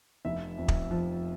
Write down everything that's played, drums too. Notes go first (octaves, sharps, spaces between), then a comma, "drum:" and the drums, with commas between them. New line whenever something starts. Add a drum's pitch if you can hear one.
F1 E5
F2
drum: kick
F3